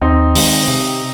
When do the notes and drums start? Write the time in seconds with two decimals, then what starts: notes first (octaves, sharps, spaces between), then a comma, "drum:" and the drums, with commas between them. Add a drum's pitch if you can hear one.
0.01 D#2 C4 D#4
0.35 D#3 G#3, drum: open hi-hat
0.68 C3